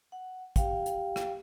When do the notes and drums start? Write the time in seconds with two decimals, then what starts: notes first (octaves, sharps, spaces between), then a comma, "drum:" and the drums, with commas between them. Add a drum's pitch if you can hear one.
0.12 F#5
0.56 G4 F5 G5, drum: kick, hi-hat
0.86 drum: hi-hat
1.16 drum: rim click